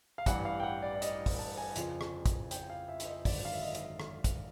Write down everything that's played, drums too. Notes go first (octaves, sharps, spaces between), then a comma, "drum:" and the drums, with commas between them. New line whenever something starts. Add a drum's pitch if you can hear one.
F5
A1 G2 E3 F#5, drum: kick, hi-hat
F5
G5
F#5
D5
D5
D#5, drum: hi-hat
drum: kick, open hi-hat
A5
G#5
F2 C#3 F3, drum: hi-hat
drum: rim click
drum: kick, hi-hat
G5, drum: hi-hat
F5
E5
E5, drum: hi-hat
D#5
G#1 F#2 D3 D5, drum: kick, open hi-hat
F5
E5
D#5
drum: hi-hat
drum: rim click
drum: kick, hi-hat